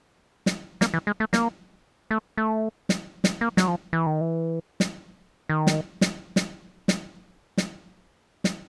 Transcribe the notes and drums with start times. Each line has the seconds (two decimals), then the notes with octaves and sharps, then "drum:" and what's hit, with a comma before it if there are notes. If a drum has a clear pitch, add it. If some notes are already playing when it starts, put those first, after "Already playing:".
0.46 drum: snare
0.81 A#3, drum: snare
0.94 E3
1.07 G#3
1.20 A3
1.33 A#3, drum: snare
2.11 A3
2.37 A3
2.89 drum: snare
3.24 drum: snare
3.41 A#3
3.57 F#3, drum: snare
3.68 F3
3.93 E3
4.06 D#3
4.21 E3
4.80 drum: snare
5.49 D#3
5.67 drum: snare
6.01 drum: snare
6.36 drum: snare
6.88 drum: snare
7.57 drum: snare
8.44 drum: snare